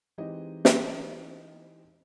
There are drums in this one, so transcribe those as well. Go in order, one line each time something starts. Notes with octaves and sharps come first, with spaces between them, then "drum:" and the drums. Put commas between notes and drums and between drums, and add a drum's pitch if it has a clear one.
E3 G#3 C4 D#4 G4 D#5
drum: snare